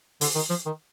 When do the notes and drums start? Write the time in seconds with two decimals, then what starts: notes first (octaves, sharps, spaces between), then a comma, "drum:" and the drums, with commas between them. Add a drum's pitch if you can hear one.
0.21 D3, drum: open hi-hat
0.35 D#3
0.50 F3
0.66 D#3